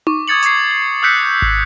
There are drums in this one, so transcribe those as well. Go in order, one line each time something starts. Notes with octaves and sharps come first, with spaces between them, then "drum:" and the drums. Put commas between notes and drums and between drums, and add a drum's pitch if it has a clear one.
C#6 D6, drum: tom D#4
D6 D#6 G#6 A6 C#7 F#7
D6 G#6 C7, drum: hi-hat
F#7
D#6 E6 F#6 G6 B6 C#7
drum: kick